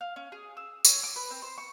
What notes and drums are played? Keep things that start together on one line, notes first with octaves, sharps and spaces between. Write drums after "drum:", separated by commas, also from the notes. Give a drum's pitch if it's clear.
F5
C#4
G#4
E6
C#5, drum: tambourine
D6
B4
C4
C5
C#6